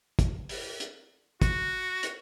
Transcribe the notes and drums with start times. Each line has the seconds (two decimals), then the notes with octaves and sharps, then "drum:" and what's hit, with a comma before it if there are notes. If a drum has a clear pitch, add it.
0.19 drum: kick, hi-hat
0.49 drum: open hi-hat
0.80 drum: hi-hat
1.42 F#4, drum: kick, hi-hat
2.03 drum: hi-hat